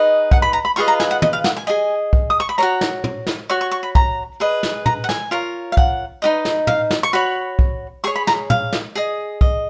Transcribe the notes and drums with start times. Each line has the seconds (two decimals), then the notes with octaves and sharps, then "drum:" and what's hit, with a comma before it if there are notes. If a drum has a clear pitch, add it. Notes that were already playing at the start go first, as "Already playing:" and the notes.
Already playing: D#4 G#4 B4 D#5
0.31 F#5, drum: kick
0.42 B5
0.53 A#5
0.65 B5
0.76 F4 G#4 B4 D#5 C#6
0.88 A#5
1.00 G#5, drum: snare
1.11 F#5
1.22 D#5, drum: tom
1.33 F5
1.44 F#5, drum: snare
1.57 G#5
1.67 G#4 D#5 G#5
2.13 drum: kick
2.30 D#6
2.40 C#6
2.49 B5
2.58 F#4 A#4 C#5 A#5
2.81 drum: snare
3.04 drum: tom
3.27 drum: snare
3.49 F#4 C#5 C#6
3.61 C#6
3.71 C#6
3.83 B5
3.95 A#5, drum: kick
4.40 G#4 B4 D#5
4.63 drum: snare
4.86 A#5, drum: tom
5.04 F#5
5.09 G#5, drum: snare
5.31 F4 A#4 C#5
5.72 F5
5.77 F#5, drum: kick
6.22 D#4 F#4 B4 D#5
6.45 drum: snare
6.67 F5, drum: tom
6.91 drum: snare
7.03 C#6
7.13 F#4 C#5 B5
7.59 drum: kick
8.04 G#4 C#5 C#6
8.16 B5
8.27 A#5, drum: snare
8.50 F5, drum: tom
8.73 drum: snare
8.95 G#4 D#5
9.41 D#5, drum: kick